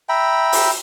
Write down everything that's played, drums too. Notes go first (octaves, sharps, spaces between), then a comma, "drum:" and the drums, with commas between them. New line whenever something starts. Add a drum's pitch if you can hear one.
E5 G5 A#5 B5
drum: open hi-hat